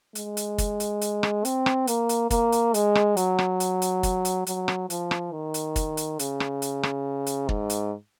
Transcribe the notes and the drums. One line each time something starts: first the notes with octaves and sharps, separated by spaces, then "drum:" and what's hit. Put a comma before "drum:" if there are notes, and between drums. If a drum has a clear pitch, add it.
G#3, drum: hi-hat
drum: hi-hat
drum: kick, hi-hat
drum: hi-hat
drum: hi-hat
drum: rim click
C4, drum: hi-hat
drum: rim click
A#3, drum: hi-hat
drum: hi-hat
A#3, drum: kick, hi-hat
drum: hi-hat
G#3, drum: hi-hat
drum: rim click
F#3, drum: hi-hat
drum: rim click
drum: hi-hat
drum: hi-hat
drum: kick, hi-hat
drum: hi-hat
F#3, drum: hi-hat
drum: rim click
F3, drum: hi-hat
drum: rim click
D#3
drum: hi-hat
drum: kick, hi-hat
drum: hi-hat
C#3, drum: hi-hat
drum: rim click
drum: hi-hat
drum: rim click
drum: hi-hat
G#2, drum: kick
drum: hi-hat